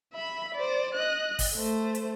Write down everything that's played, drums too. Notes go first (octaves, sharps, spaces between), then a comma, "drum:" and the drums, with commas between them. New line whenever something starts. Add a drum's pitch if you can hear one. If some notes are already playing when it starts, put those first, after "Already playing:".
E5 B5
C5 D5
D#5 F#6
drum: kick, open hi-hat
A3 C5
drum: hi-hat